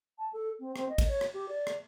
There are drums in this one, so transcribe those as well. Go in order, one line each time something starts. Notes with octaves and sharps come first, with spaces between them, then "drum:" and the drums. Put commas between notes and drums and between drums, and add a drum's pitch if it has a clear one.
A5
A4
C4
C4, drum: rim click
D#5
drum: kick, cymbal
C#5
drum: rim click
G4
D5
drum: rim click